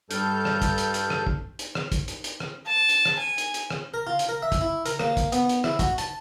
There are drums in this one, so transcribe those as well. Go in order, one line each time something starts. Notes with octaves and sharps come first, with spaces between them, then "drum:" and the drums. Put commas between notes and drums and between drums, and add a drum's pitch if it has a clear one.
G2 G3 A4 F6 G6, drum: hi-hat
drum: rim click
drum: kick, hi-hat
drum: hi-hat
drum: hi-hat
drum: rim click
drum: kick
drum: hi-hat
drum: rim click
drum: kick, hi-hat
drum: hi-hat
drum: hi-hat
drum: rim click
A5
drum: hi-hat
drum: rim click
G#5
drum: hi-hat
drum: hi-hat
drum: rim click
A#4
F4
drum: hi-hat
A#4
E5
drum: kick, hi-hat
E4
A#4, drum: hi-hat
A#3, drum: rim click
drum: kick, hi-hat
B3, drum: hi-hat
drum: hi-hat
E4, drum: rim click
F#4, drum: kick, hi-hat
A5, drum: hi-hat